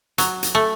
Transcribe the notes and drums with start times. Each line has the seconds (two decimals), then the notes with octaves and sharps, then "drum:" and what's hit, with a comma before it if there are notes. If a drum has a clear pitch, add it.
0.18 F#3, drum: hi-hat
0.43 drum: hi-hat
0.55 A3